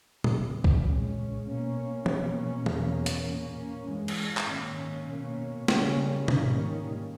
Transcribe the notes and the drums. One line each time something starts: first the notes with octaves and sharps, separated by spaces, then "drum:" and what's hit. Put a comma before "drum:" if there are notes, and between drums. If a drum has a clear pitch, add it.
E2 C#3 E3, drum: tom A#2
drum: kick C2
A#2 G#3 C#4
B2 A#3 C#4
B2 A#3 C#4, drum: tom E3
E2 B2 A#3 C#4, drum: tom E3
drum: hi-hat
A#2 A#3 C#4
G2 E3 G#3
drum: cymbal
drum: clap
G#2 D#3 A#3 C#4
B2 A#3 C#4
C#3 G3 A#3 C#4, drum: snare
G#2 D#3 G3 A#3 C#4, drum: tom